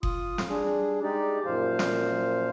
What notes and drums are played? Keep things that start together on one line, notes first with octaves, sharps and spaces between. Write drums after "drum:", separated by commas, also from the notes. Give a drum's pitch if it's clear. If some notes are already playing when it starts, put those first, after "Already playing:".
F4 D#6, drum: kick F#1
drum: snare
G3 D4 G#4
G#3 D#4 G4 D5
F#2 A#2 F3 C5 F5
drum: snare